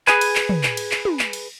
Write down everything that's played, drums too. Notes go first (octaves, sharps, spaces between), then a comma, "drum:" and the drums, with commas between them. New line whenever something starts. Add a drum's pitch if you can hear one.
G#4 B4 G#5, drum: clap
drum: cymbal
drum: clap
drum: tom
drum: clap
drum: cymbal
drum: clap
drum: tom
drum: clap
drum: cymbal